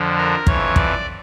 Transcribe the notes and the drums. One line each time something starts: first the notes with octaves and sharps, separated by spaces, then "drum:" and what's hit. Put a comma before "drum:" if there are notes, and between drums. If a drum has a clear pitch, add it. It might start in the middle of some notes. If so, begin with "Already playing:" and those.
Already playing: F2 D3 F3
A#4
F2 E3 C#5, drum: kick
D5, drum: kick